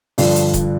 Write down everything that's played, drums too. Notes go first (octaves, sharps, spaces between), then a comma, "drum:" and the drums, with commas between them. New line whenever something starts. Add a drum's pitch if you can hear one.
G2 D3 F3, drum: open hi-hat
drum: hi-hat
drum: kick D#1, hi-hat